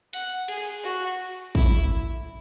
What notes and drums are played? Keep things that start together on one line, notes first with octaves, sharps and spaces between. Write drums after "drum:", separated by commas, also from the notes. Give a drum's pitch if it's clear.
F#5, drum: hi-hat
G#4, drum: cymbal
F#4
E4, drum: kick